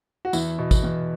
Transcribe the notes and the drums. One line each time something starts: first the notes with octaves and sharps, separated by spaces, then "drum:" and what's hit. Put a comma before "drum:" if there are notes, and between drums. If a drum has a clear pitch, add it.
F#4
E2 E4, drum: tambourine
B2
drum: kick, tambourine
E2